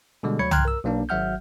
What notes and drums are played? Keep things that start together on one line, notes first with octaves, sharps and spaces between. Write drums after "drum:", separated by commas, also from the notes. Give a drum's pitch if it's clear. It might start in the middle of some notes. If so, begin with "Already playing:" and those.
B2 D3 G3 G#3
D2 F#3 C#5 B5 G#6 C#7
G5 A#5 C6 F6 F#6 G#6, drum: tom C2
A#4 E6
B1 A#3 D4
G#1 F#3 E5 F#5 F6 G6